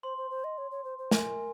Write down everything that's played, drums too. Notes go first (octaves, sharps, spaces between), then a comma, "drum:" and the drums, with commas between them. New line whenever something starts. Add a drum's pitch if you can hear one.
C5 C6
C5
C5
D#5
C#5
C#5
C5
C5
A#4 G#5, drum: snare